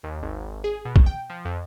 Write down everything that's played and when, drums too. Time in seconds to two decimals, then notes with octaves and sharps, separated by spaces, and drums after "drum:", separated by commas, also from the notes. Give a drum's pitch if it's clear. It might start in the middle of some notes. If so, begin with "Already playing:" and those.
0.03 D#2
0.22 G#1
0.64 G#4
0.85 B2
0.96 drum: kick B1
1.06 G5
1.30 F3
1.45 F2